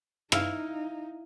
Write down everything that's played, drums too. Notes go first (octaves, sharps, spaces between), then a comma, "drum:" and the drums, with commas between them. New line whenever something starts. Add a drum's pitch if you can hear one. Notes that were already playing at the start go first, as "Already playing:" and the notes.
D#4 E4 F5, drum: rim click